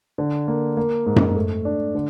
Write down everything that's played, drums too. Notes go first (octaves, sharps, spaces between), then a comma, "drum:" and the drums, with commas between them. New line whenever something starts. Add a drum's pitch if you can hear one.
D3
A#3
A#3
G#2
drum: tom F#2
A3
D4
D3